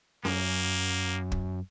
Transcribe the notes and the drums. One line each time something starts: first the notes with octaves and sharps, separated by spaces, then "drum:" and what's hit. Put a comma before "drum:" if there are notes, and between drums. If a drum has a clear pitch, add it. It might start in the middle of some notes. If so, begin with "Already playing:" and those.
F#2 A#3, drum: snare C#4
drum: kick